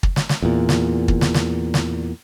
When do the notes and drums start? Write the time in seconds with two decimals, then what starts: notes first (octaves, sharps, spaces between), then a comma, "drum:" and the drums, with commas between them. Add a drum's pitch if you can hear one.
0.03 drum: kick
0.16 drum: snare
0.29 drum: snare
0.42 E2 A#2
0.69 drum: snare
1.08 drum: kick
1.21 drum: snare
1.34 drum: snare
1.74 drum: snare